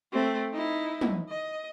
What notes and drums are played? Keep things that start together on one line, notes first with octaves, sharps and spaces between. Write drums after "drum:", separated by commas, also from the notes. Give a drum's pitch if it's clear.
A3 C4
D#4 E4
drum: tom
D#5